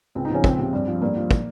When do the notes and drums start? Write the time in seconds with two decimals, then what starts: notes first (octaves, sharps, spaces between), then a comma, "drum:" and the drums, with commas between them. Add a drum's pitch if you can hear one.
0.15 C#2 C4
0.25 D#4
0.30 C#3 F3 C#4
0.44 C#2 C4, drum: kick
0.59 C3 F3
0.73 G2
0.88 F3
1.02 G2 A#3
1.17 F3
1.31 drum: kick